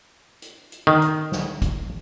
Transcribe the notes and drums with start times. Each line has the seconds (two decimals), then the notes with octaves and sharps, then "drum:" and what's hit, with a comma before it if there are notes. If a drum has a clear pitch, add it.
0.42 drum: hi-hat
0.72 drum: hi-hat
0.87 D#3
1.02 drum: hi-hat
1.32 drum: snare
1.62 drum: kick, hi-hat